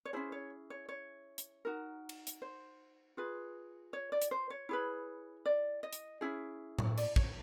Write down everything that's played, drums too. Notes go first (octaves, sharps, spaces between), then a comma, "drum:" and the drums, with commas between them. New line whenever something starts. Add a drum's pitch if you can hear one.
C#5
C#4 E4 G#4 C5
C#5
C#5
C#5
drum: hi-hat
D#4 F#4 A#4
drum: cymbal
drum: hi-hat
C5
F4 G#4 B4
C#5
D5
drum: hi-hat
C5
C#5
E4 G#4 B4
D5
D#5
drum: hi-hat
C#4 E4 G#4
drum: tom A2
D5, drum: cymbal
C#5, drum: kick